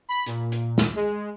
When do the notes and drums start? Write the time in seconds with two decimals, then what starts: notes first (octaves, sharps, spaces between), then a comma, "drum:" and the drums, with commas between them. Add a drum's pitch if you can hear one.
0.09 B5
0.26 A#2, drum: hi-hat
0.52 drum: hi-hat
0.78 drum: snare
0.95 G#3